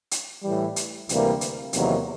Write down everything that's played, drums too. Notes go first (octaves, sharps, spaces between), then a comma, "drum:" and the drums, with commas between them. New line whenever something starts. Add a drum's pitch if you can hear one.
drum: hi-hat
A2 E3 G3
drum: hi-hat
D2 C3 E3 G3 A#3, drum: hi-hat
drum: hi-hat
E2 C3 D#3 F#3 A#3, drum: hi-hat